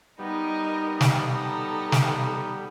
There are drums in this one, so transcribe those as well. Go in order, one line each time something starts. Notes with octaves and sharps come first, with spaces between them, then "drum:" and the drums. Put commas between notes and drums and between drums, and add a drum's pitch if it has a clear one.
G3 B3 D#4 A#4 D#5
drum: snare
D#4 A4
drum: snare